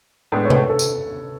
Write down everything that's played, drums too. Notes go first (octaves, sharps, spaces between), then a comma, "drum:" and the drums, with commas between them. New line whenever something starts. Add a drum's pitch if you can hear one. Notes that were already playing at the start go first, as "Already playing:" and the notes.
A2 G#3 B3 D4 A4
C#5
B4, drum: tom C3
A4
drum: tambourine